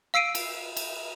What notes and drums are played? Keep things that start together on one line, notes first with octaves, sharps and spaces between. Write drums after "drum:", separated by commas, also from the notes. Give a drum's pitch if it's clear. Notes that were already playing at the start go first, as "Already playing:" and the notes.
F5 E6 C7 D7 D#7
drum: cymbal
drum: cymbal